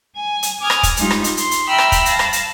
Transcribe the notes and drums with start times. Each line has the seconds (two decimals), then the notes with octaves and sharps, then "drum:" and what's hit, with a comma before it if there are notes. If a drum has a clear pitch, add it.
0.15 G#5
0.43 drum: hi-hat
0.61 G#5 D6 D#6 F6 G#6
0.70 drum: rim click
0.83 drum: kick, hi-hat
0.97 G3 G#3 D#4 F4 G4, drum: hi-hat
1.10 drum: rim click
1.24 drum: hi-hat
1.37 C6, drum: hi-hat
1.51 drum: hi-hat
1.68 E5 G5 A#5 B5 E6 F6
1.78 drum: rim click
1.92 drum: kick, hi-hat
2.06 F5 A5 A#6, drum: hi-hat
2.19 drum: rim click
2.33 drum: hi-hat